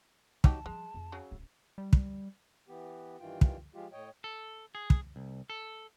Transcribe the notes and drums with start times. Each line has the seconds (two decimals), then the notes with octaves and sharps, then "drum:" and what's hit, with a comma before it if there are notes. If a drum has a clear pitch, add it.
0.44 F#3 B3 D#4 G4 A5, drum: kick
0.66 F3 G3 G#3
0.94 F2
1.12 C#3 F#3 G#4
1.31 D1 C#4
1.78 G3
1.93 drum: kick
2.68 E3 B3 G4
3.20 G2 D#3 E3 F4 G5
3.41 drum: kick
3.75 F3 G#3 F4 G4
3.92 A2 C#5 D#5 G5
4.24 A4
4.75 G#4
4.90 drum: kick
5.16 C2
5.50 A4